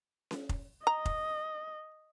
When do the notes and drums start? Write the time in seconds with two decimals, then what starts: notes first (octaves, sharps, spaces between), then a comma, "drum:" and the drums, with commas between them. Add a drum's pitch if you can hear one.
0.31 drum: snare C#4
0.49 drum: kick F1
0.87 D#5 A#5
1.05 drum: kick F1